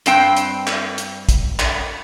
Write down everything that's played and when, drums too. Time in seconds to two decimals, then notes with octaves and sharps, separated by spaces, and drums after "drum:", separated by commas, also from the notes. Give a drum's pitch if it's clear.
0.06 G2 C4 G5, drum: hi-hat
0.37 drum: hi-hat
0.67 drum: clap
0.98 drum: hi-hat
1.29 drum: kick, hi-hat
1.59 drum: clap